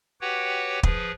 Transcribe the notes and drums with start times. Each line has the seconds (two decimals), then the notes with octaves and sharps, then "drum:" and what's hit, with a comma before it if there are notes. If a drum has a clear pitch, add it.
0.21 F#4 G4 B4 C#5 F#5 G5
0.83 F3 G#4 B4, drum: kick